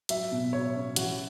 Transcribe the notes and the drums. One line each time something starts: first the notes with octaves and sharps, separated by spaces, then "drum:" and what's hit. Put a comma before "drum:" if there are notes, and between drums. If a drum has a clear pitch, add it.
F#3 E5, drum: hi-hat
B2
F#3 C#5
C#4
E3 F#4, drum: hi-hat